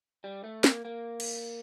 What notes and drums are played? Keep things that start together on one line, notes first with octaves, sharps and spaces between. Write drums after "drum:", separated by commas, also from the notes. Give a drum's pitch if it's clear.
G3
A3
A#3, drum: snare
A#3
drum: cymbal